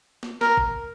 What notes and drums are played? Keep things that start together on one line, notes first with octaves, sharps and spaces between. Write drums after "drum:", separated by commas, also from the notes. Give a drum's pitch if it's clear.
drum: snare
A#4, drum: snare
drum: kick A1